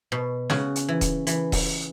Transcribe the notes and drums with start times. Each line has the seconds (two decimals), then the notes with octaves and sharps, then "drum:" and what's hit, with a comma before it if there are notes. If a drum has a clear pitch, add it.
0.12 B2
0.50 C#3 F#4, drum: snare
0.76 drum: hi-hat
0.89 E3
1.01 drum: kick D#1, hi-hat
1.27 E3, drum: hi-hat
1.52 drum: kick D#1, open hi-hat